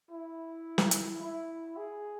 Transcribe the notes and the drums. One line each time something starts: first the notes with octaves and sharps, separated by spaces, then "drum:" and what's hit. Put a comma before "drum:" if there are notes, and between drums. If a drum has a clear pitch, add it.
E4
drum: snare
drum: hi-hat
E4
G#4